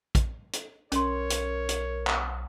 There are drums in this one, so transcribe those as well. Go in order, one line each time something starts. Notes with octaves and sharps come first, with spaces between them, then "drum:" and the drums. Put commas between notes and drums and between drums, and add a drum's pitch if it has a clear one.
drum: kick, hi-hat
drum: hi-hat
B1 C#4 A#4 C#5 C6, drum: hi-hat
drum: hi-hat
drum: hi-hat
drum: clap